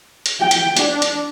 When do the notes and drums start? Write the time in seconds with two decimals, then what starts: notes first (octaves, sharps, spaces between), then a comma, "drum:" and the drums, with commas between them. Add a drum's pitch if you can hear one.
0.26 drum: hi-hat
0.40 G5
0.51 drum: hi-hat
0.77 D4, drum: hi-hat
1.02 drum: hi-hat